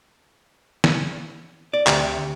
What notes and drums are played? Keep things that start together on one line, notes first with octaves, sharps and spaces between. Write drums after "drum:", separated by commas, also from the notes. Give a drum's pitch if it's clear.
drum: snare
D5
D2 C3, drum: clap